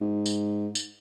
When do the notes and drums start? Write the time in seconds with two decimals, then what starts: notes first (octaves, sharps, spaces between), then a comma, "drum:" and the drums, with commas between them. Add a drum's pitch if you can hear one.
0.01 G#2
0.26 drum: tambourine
0.75 drum: tambourine